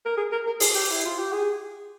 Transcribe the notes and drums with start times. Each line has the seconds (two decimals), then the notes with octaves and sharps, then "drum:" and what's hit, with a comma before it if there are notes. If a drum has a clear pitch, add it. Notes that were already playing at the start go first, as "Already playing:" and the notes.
0.05 A#4
0.17 G#4
0.32 A#4
0.46 A#4
0.60 G#4, drum: open hi-hat
0.75 G4
0.91 E4
1.05 F4
1.19 G4
1.32 G#4